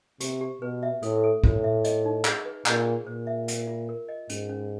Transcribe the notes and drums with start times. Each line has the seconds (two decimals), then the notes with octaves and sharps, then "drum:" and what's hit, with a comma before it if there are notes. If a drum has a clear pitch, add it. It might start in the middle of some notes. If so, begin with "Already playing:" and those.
0.20 C3 G4, drum: hi-hat
0.41 G4
0.62 B2 B4
0.83 E5
1.03 A2 A4, drum: hi-hat
1.24 A4
1.44 A2 C5, drum: kick
1.64 E5
1.84 D#5, drum: hi-hat
2.05 D#4
2.25 G#4, drum: clap
2.45 B4
2.66 A#2 G#4, drum: clap
2.86 G#4
3.07 A#2 C5
3.27 E5
3.48 F#5, drum: hi-hat
3.67 F4
3.89 A#4
4.09 D#5
4.29 G#2 C#4, drum: hi-hat
4.49 C#4